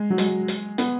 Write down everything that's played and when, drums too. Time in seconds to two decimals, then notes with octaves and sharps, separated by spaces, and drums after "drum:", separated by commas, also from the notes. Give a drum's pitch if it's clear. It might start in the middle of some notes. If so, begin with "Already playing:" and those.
Already playing: G#3
0.10 F#3
0.18 G#3, drum: hi-hat
0.48 drum: hi-hat
0.78 B3, drum: hi-hat